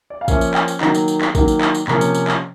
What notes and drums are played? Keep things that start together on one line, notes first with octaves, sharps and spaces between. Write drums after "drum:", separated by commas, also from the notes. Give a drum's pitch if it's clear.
D5
F5
F3 A#3 C#4 E5, drum: kick, tambourine
drum: tambourine
G5, drum: clap
drum: tambourine
D#3 F#3 A#3 A#5, drum: clap
drum: tambourine
drum: tambourine
drum: clap
D#3 F#3 A#3, drum: kick, tambourine
drum: tambourine
drum: clap
drum: tambourine
C3 F3 A#3 C#4 A#5, drum: clap
drum: tambourine
drum: tambourine
drum: clap